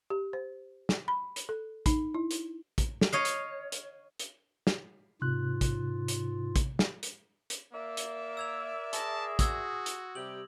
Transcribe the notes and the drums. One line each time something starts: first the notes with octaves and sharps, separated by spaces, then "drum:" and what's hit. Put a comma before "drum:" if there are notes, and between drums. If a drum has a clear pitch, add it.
G4
C5
drum: snare
B5
drum: hi-hat
A4
D#4, drum: kick, hi-hat
E4
drum: hi-hat
drum: kick, hi-hat
drum: snare
C#5 D#5 F5
drum: hi-hat
drum: hi-hat
drum: hi-hat
drum: snare
G#2 C3 F4 F#6
drum: kick, hi-hat
drum: hi-hat
drum: kick, hi-hat
drum: snare
drum: hi-hat
drum: hi-hat
A#3 A#4 D5 E5
drum: hi-hat
E6 G#6 F7
G#4 A5 C6 A#6, drum: hi-hat
F#4 D#6 E6 G#6, drum: kick, hi-hat
drum: hi-hat
C3 G3 G4 F#7